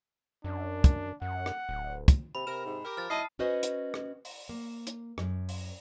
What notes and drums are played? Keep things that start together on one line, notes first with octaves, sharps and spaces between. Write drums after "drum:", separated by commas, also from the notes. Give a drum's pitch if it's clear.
F#2 D4
drum: kick, hi-hat
F#2 F#5
drum: rim click
D1
drum: kick, hi-hat
C3 B5
C3 A#4 E7
G#2
G4 A#4
F3 F6 A6
D#2 F#3 E4 D#5 A5 D#6 C7
C#4 F#4 B4 C5 D#5
drum: hi-hat
drum: rim click
drum: open hi-hat
A#3
drum: hi-hat
F#2, drum: rim click
drum: open hi-hat